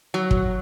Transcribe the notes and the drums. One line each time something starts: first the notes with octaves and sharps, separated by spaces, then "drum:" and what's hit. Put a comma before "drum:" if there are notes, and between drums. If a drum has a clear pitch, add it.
F#3
drum: kick